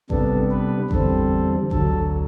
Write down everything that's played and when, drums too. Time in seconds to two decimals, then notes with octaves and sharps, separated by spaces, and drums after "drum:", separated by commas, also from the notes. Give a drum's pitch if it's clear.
0.10 C3 G3 B3 D4 A4, drum: kick G#1
0.51 B4
0.91 E2 D3 G3 C4 A4, drum: kick G#1
1.71 D2 D3 F#3 A4, drum: kick G#1